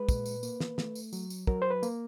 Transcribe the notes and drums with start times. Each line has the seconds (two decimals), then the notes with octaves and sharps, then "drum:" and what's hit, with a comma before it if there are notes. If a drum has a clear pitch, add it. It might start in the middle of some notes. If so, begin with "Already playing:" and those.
Already playing: G#3 B4
0.09 A#2, drum: kick, tambourine
0.26 drum: tambourine
0.43 A#3, drum: tambourine
0.60 drum: snare
0.78 A3, drum: snare
0.95 drum: tambourine
1.13 F#3, drum: tambourine
1.30 drum: tambourine
1.47 F#3 A#4, drum: kick
1.62 C5
1.71 B4
1.83 A#3, drum: tambourine